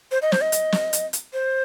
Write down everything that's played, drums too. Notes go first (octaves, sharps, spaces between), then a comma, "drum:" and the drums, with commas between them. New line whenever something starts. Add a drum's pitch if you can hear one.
C5
D#5
C5, drum: snare
D#5
drum: hi-hat
drum: snare
drum: hi-hat
drum: hi-hat
C5